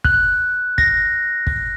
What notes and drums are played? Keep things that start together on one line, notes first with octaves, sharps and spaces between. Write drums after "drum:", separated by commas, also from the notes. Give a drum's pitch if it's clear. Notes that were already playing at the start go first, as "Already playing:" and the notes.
F#6, drum: kick
A#6, drum: kick
drum: kick